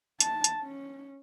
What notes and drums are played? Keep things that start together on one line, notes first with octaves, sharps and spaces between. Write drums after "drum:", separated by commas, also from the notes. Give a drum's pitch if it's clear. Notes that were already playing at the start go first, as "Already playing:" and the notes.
A5, drum: hi-hat
drum: hi-hat
C#4